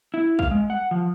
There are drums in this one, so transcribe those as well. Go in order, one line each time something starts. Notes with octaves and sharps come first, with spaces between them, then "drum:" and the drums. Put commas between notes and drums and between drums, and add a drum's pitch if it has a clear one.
E4
F5, drum: kick
G#3
F#5
F3